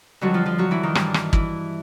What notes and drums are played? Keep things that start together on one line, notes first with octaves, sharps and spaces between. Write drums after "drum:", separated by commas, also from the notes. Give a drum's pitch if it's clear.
F2 D3 F#3 G3 F#4
F3 F4
F3 F4
F#3 F#4
E3 E4
D#3 D#4
G2 E3 G3, drum: rim click
drum: rim click
E3 E4, drum: kick